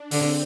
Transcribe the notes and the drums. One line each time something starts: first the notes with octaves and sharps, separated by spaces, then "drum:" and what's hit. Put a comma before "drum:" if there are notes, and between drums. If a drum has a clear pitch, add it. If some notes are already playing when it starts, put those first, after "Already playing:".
Already playing: D4
D3 C4, drum: open hi-hat